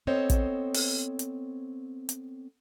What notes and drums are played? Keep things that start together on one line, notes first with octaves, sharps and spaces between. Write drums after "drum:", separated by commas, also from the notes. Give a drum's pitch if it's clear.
B3 C4 A4 C5 C#5 D#5
drum: kick, hi-hat
drum: open hi-hat
drum: hi-hat
drum: hi-hat